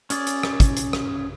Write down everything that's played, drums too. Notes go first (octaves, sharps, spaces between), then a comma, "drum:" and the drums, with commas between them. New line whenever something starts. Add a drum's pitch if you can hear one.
C#4 G#4 D5, drum: hi-hat
drum: hi-hat
drum: rim click
drum: kick, hi-hat
drum: hi-hat
drum: rim click